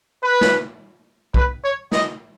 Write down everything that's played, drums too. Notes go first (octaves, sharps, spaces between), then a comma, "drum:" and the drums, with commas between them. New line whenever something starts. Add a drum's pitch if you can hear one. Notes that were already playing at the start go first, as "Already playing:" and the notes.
B4
drum: snare
B4, drum: kick
C#5
D#5, drum: snare